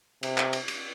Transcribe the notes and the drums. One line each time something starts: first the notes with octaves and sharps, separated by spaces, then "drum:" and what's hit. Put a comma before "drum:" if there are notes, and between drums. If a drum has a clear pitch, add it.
C3, drum: cymbal
drum: clap
drum: cymbal
drum: cymbal